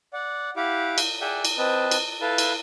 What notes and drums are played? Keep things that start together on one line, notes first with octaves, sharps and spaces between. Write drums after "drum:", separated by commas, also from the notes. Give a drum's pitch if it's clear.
D5 F#5
E4 G4 F5 F#5 D6
drum: cymbal
G#4 D5 E5 F#5 G5
drum: cymbal
C4 B4 D#5 A5
drum: cymbal
E4 A4 B4 F5 A5
drum: cymbal